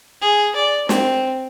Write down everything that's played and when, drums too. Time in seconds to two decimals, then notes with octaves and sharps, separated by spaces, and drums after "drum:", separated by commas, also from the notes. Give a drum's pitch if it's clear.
0.22 G#4
0.55 D5
0.89 C4, drum: snare